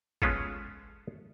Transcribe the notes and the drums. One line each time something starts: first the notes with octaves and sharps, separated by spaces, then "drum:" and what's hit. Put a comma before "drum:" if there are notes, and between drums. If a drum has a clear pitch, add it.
G#3 B3 C#4 F4 A4, drum: kick